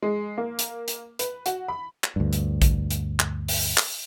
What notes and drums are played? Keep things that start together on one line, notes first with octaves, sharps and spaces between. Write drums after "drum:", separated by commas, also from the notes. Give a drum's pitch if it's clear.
G#3
A#3
drum: hi-hat
drum: hi-hat
B4, drum: hi-hat
F#4, drum: hi-hat
B5
drum: clap
D2 G2
drum: hi-hat
drum: kick A#1, hi-hat
drum: hi-hat
drum: clap
drum: open hi-hat
drum: clap